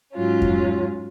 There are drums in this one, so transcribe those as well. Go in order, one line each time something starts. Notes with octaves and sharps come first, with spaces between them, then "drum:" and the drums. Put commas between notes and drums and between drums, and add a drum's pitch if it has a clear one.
G#2 F#3 C#4 F4
drum: kick F2